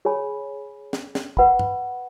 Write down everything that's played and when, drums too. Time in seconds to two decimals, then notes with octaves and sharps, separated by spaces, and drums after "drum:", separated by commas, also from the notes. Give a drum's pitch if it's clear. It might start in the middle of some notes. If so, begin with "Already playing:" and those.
0.05 G#4 C#5 G#5 B5
0.93 drum: snare
1.15 drum: snare
1.37 B4 F#5 B5, drum: kick F#1
1.59 drum: tom